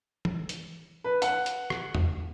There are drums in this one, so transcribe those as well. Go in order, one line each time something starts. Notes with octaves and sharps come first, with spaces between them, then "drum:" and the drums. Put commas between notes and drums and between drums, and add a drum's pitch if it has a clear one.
drum: tom E3
drum: hi-hat
B4
F#5, drum: hi-hat
drum: hi-hat
drum: rim click
drum: tom E2